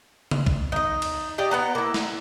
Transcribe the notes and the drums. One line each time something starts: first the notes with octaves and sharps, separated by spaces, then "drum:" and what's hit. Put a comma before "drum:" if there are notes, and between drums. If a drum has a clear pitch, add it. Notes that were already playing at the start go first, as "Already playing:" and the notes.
drum: tom C#3
drum: kick
D#4 D#5
drum: cymbal
G4 D5 D#5
B3 F#5 A#5
A#3 E4
drum: snare